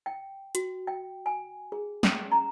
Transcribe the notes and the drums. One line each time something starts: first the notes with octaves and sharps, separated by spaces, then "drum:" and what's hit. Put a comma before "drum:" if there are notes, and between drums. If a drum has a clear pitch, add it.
G5
F#4, drum: hi-hat
G5
G#5
G#4
C#4, drum: snare
A#5